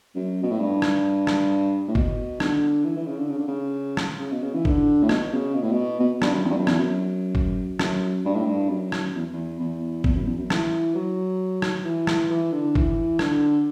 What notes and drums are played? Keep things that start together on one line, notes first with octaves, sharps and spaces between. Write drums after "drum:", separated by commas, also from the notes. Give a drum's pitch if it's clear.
F#2
B2
A2
G2
drum: rim click
drum: rim click
A2
B2, drum: kick
D3, drum: rim click
E3
E3
C#3
D3
C#3
D3
C#3
drum: rim click
C#3
B2
C#3
E3
D3, drum: kick
A2
B2, drum: rim click
C#3
B2
A2
B2
B2
G2, drum: rim click
F#2
E2
G2
F#2
E2, drum: rim click
F#2
drum: kick
F#2, drum: rim click
G2
A2
G2
F#2
drum: rim click
E2
E2
E2
E2, drum: kick
F#2
E2
F#2
E3, drum: rim click
F#3
drum: rim click
E3
drum: rim click
E3
D3
E3, drum: kick
D3, drum: rim click